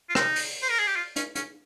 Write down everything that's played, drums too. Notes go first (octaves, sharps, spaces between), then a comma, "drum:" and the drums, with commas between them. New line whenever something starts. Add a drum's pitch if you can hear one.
F4
D#4, drum: rim click
drum: open hi-hat
C5
A#4
G#4
G4
F4
C#4, drum: hi-hat
C#4, drum: hi-hat